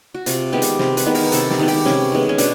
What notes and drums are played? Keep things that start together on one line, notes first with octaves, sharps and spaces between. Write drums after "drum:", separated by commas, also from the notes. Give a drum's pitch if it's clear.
F#4
C3 F4, drum: hi-hat
D#3 G#3 B3 G4
drum: hi-hat
C3 C5, drum: snare
B4, drum: hi-hat
D#3 G#3 B3
A#4, drum: open hi-hat
C3 A4, drum: hi-hat
G4, drum: snare
D#3 G#3 B3
G4, drum: open hi-hat
C3 C#4, drum: snare
D#3 G#3 B3
C#4
B2 D4, drum: hi-hat